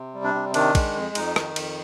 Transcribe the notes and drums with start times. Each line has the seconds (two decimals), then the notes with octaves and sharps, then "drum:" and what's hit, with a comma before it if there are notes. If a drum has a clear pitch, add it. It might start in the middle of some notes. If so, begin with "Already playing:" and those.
Already playing: C3
0.14 G3
0.24 D4
0.34 C3
0.54 D#3 D4, drum: cymbal
0.75 G#3, drum: kick, cymbal
0.96 F2
1.15 F2 D#4, drum: cymbal
1.36 D#3, drum: rim click
1.56 F2, drum: cymbal